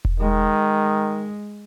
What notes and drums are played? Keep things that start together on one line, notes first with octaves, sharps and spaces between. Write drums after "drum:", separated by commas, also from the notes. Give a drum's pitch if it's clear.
drum: kick E1
D#3 G#3